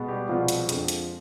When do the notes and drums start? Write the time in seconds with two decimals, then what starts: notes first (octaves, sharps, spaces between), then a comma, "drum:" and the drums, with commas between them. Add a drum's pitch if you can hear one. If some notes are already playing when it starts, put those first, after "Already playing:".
Already playing: B2 G#3 B3
0.08 G3 G4
0.28 C2 B2 F3 G#3 B3 F4
0.48 drum: hi-hat
0.69 F2 D3 F3 G#3, drum: hi-hat
0.88 drum: hi-hat